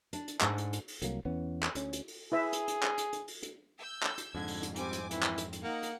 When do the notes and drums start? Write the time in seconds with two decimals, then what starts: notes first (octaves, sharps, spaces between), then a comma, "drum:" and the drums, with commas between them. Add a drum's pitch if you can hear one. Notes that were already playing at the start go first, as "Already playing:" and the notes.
0.13 D4, drum: hi-hat
0.28 drum: hi-hat
0.41 G#2 D4 G#4, drum: clap
0.58 drum: hi-hat
0.73 drum: hi-hat
0.88 drum: open hi-hat
1.02 C2 F#3 A#3, drum: hi-hat
1.25 E2 E3 B3 C#4
1.63 drum: clap
1.75 D2 C#4, drum: hi-hat
1.93 drum: hi-hat
2.08 drum: open hi-hat
2.32 E4 G#4 B4 E5
2.53 drum: hi-hat
2.68 drum: hi-hat
2.83 drum: clap
2.98 drum: hi-hat
3.13 drum: hi-hat
3.28 drum: open hi-hat
3.43 drum: hi-hat
3.79 E6 G6
4.03 drum: clap
4.18 drum: hi-hat
4.35 F2 G#2 D3 G#6
4.48 drum: open hi-hat
4.63 drum: hi-hat
4.76 G3 C4 G#5 D6, drum: hi-hat
4.93 drum: hi-hat
5.11 E3 C4 E4, drum: hi-hat
5.23 drum: clap
5.38 drum: hi-hat
5.53 drum: hi-hat
5.64 A#3 D#4 F#5
5.83 drum: hi-hat